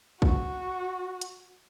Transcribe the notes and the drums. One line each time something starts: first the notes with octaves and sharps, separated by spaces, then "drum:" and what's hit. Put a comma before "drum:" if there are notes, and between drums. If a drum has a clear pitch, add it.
F#4, drum: kick
drum: hi-hat